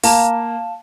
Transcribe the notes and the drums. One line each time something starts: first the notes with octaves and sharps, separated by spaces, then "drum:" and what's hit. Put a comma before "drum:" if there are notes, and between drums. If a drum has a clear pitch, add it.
A#3 F5 A5 E7, drum: open hi-hat